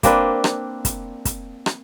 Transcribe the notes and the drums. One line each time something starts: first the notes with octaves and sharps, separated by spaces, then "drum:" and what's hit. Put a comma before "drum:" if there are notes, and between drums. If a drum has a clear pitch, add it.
A#3 C4 D4 B4, drum: kick, hi-hat
drum: rim click
drum: kick, hi-hat
drum: kick, hi-hat
drum: rim click